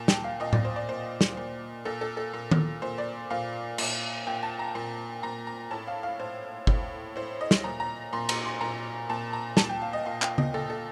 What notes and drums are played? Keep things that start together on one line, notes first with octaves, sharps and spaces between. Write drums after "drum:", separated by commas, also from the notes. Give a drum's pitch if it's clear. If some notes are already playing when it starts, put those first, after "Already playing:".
Already playing: A#2 A5
G5, drum: snare
F5
A#2 D#5
D5, drum: tom A2
C5
D5
A#2 C5
drum: snare
A#2
A#2 A4
A4
A4
A#2
drum: tom D#3
A#2 C5
D5
A#2 F5
A#2, drum: cymbal
A#2 G5
A5
A#5
A#2
A#2 A#5
A#5
A2 A5
F5
F5
A2 C5
A2, drum: kick
A2 C5
D#5
drum: snare
A#2 A#5
A#5
A#2 C6
A#5, drum: cymbal
C6
A#2 A#5
A#2 A5
A#5
A#2 A5, drum: snare
G5
F5
D#5
A#2 F5
G5, drum: clap
D#5, drum: tom C#3
A#2 A4
A4